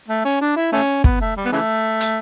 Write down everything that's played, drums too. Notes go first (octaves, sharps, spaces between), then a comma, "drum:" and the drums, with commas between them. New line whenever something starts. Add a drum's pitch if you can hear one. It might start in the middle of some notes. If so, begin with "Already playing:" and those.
A3
C#4
D4
E4
A3 C#4
B3, drum: kick
A3
G3
B3
C#3 E3 A3
drum: hi-hat